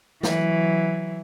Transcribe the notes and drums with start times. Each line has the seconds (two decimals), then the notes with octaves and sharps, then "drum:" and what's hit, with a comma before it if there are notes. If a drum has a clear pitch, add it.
0.23 E3 F#3, drum: snare